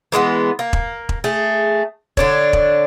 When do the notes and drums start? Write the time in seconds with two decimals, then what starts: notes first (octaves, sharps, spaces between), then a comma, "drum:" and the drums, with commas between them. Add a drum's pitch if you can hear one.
0.12 E3 G#3 A#3 B3
0.59 A#3
0.73 drum: kick E1
1.09 drum: kick E1
1.24 A3 G#4
2.17 D3 D4 C#5, drum: kick E1
2.53 drum: kick E1